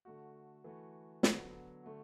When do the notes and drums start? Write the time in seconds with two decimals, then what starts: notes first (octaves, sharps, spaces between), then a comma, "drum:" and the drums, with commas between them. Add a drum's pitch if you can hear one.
0.05 D3 A3 F#4
0.64 E3 A3 F#4
1.23 D3 F#3 B3, drum: snare
1.83 D3 A3 F#4